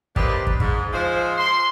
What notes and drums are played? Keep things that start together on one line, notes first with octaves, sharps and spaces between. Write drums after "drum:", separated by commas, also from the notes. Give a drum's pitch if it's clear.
A#3 C4 D4 D#4 G4 B4, drum: kick
drum: kick
G#2, drum: kick
F3 G#3 C5
C6